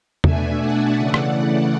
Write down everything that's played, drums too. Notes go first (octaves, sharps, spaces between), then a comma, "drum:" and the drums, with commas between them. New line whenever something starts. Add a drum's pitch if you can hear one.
B2 A3 D4 E5 G#5, drum: tom E2
D5 F#5
C#3 E3 A3
drum: rim click